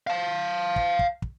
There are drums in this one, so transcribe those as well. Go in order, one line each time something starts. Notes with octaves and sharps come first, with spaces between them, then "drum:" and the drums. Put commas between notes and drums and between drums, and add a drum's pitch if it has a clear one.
F5 A5
drum: kick
drum: kick
drum: kick